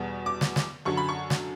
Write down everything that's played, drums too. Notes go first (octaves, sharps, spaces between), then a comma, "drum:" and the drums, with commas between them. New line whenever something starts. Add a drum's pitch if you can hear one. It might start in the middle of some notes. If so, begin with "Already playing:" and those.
Already playing: E2 B2 G3 B3
D6
drum: snare
drum: snare
F#2 D3 F#3 C#6
B5
C#6
drum: snare